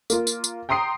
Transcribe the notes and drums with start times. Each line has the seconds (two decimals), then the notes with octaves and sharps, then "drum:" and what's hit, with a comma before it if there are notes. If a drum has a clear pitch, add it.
0.10 A#3 F4, drum: tambourine
0.27 drum: tambourine
0.44 drum: tambourine
0.69 G5 A#5 C6 D#6 C7